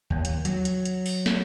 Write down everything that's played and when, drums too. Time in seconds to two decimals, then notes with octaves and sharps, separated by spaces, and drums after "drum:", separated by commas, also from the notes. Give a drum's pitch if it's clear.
0.10 D#2
0.25 drum: hi-hat
0.45 F#3, drum: hi-hat
0.65 drum: hi-hat
0.85 drum: hi-hat
1.06 drum: open hi-hat
1.26 drum: snare